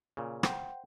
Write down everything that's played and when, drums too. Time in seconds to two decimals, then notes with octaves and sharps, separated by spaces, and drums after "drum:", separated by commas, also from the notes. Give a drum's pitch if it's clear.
0.17 A#2 C#3
0.43 C5 F#5 G5, drum: rim click